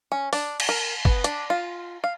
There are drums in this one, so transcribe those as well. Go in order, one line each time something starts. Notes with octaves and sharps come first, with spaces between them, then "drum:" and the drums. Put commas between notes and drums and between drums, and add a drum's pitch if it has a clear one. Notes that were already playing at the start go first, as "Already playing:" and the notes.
C#4
D4, drum: open hi-hat
drum: cymbal
A#4
B3, drum: kick
D4, drum: hi-hat
F4
F5